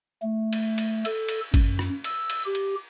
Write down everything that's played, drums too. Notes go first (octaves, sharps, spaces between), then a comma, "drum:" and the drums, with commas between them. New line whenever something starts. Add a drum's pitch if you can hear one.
A3
drum: cymbal
drum: cymbal
A4, drum: cymbal
drum: cymbal
F#2, drum: kick G#1, cymbal
drum: rim click
E6, drum: cymbal
drum: cymbal
G4
drum: cymbal